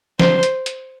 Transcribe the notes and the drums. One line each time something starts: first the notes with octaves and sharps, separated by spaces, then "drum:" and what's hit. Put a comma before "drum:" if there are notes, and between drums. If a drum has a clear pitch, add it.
C5, drum: snare
drum: hi-hat
drum: hi-hat